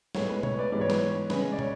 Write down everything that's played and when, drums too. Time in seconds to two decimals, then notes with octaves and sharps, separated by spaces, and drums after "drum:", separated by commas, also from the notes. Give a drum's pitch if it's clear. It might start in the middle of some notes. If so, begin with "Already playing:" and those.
0.15 A2 G#3 B3 C#5, drum: snare
0.29 B4
0.43 C#5, drum: tom B2
0.58 B4 D5
0.72 G#2 E3 G#3 B3 D5
0.81 C#5
0.90 B4, drum: snare
0.99 C#5
1.30 C#3 G#3 C#4 B4, drum: snare
1.52 D5
1.59 C#5, drum: tom